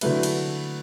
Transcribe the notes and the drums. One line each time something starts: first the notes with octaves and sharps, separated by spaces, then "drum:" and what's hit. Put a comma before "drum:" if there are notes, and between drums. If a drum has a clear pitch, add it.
D3 F#3 A3 E4 B4, drum: cymbal
drum: cymbal